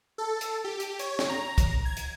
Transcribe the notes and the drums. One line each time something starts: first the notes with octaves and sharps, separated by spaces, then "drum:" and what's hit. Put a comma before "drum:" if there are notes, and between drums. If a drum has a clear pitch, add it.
A4
drum: hi-hat
G4
drum: hi-hat
C#5, drum: hi-hat
drum: snare
A#5
drum: kick, hi-hat
G#6
drum: hi-hat